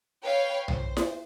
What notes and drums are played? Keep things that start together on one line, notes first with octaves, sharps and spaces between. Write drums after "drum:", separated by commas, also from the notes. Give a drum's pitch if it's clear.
B4 C#5 F5 G5
C5, drum: tom B1
drum: snare E4